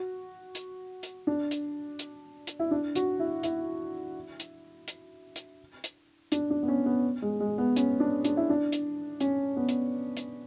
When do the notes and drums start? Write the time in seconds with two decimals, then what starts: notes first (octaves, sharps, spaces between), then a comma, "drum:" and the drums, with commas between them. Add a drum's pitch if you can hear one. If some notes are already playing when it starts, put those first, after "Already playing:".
Already playing: F#4
0.55 drum: hi-hat
1.03 drum: hi-hat
1.27 D4
1.51 drum: hi-hat
1.99 drum: hi-hat
2.47 drum: hi-hat
2.59 E4
2.71 D4
2.95 F#4, drum: hi-hat
3.20 E4
3.43 E4, drum: hi-hat
4.40 drum: hi-hat
4.88 drum: hi-hat
5.36 drum: hi-hat
5.84 drum: hi-hat
6.32 D4, drum: hi-hat
6.50 D4
6.63 B3
6.68 C#4
6.86 B3
7.22 G#3
7.40 G#3
7.58 B3
7.76 C#4, drum: hi-hat
8.00 D4
8.25 D4, drum: hi-hat
8.37 E4
8.50 D4
8.72 drum: hi-hat
9.20 C#4, drum: hi-hat
9.57 B3
9.69 drum: hi-hat
10.17 drum: hi-hat